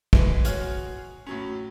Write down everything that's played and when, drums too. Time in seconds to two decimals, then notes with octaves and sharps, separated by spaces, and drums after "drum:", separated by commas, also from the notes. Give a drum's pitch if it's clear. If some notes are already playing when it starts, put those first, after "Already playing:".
0.13 E3 G#3 B3, drum: kick
0.44 F#4 G#4 C#5 F6, drum: hi-hat
1.27 A2 F#3 C#4